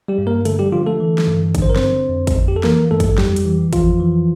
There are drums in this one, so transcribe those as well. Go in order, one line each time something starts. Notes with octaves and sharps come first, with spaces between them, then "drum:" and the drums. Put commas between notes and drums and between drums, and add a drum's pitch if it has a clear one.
G3 G4
G2
A#3 A#4
D3 A3 A4, drum: hi-hat
G3 G4
D3 F3 F4
A3 A4
E3
drum: snare
G2
D3, drum: kick, hi-hat
C5
A#4
C4 C5, drum: snare
D3
F2
drum: kick, hi-hat
F2
G4
A4
E3 A#3 A#4, drum: snare
G2 A3 A4
drum: kick, hi-hat
F2 G3 G4, drum: snare
drum: hi-hat
E3
F2 F3 F4, drum: kick, hi-hat
E3